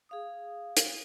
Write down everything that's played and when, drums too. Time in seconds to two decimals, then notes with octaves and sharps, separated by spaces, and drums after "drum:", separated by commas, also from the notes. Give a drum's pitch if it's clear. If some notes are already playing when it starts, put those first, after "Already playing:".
0.09 G#4 F5 D#6
0.77 drum: hi-hat